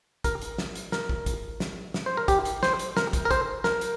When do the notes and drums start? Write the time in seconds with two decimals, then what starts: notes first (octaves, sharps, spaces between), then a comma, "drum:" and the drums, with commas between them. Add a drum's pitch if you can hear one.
0.24 A#4, drum: kick, hi-hat
0.41 drum: hi-hat
0.58 drum: snare
0.75 drum: hi-hat
0.92 A#4, drum: snare
1.09 drum: kick
1.26 drum: kick, hi-hat
1.60 drum: snare
1.94 drum: snare
2.06 C5
2.17 A#4
2.28 G4, drum: kick, hi-hat
2.45 drum: hi-hat
2.63 C5, drum: snare
2.79 drum: hi-hat
2.97 A#4, drum: snare
3.13 drum: kick, hi-hat
3.25 A#4
3.31 C5, drum: kick, hi-hat
3.64 A#4, drum: snare
3.81 drum: hi-hat